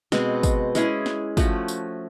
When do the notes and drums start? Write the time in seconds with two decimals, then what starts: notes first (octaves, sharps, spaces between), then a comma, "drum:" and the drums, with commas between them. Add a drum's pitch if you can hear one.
0.12 B2 G#3 C4, drum: snare
0.43 drum: kick, tambourine
0.75 G#3 C#4 E4 G#4, drum: tambourine
1.06 drum: snare
1.37 F3 A3 C#4 F#4, drum: kick, tambourine
1.68 drum: tambourine